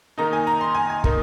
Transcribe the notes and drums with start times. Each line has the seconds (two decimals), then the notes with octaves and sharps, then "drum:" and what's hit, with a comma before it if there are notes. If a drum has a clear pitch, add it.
0.18 D#3 A#3 D#4 A#5
0.33 G#5
0.47 A#5
0.61 C6
0.75 G#5
0.90 G#5
1.04 D#3 A#3 D#4, drum: kick